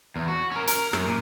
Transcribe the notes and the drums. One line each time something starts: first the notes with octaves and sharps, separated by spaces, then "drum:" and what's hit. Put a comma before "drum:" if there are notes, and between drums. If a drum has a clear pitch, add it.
E2
F#4
C#4 A#4
A#4, drum: hi-hat
F#2, drum: rim click
A#2